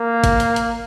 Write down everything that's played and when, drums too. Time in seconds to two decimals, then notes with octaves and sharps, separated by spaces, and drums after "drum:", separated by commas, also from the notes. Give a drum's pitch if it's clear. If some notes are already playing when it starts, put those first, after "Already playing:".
Already playing: A#3
0.24 drum: kick G#1, hi-hat
0.40 drum: hi-hat
0.56 drum: hi-hat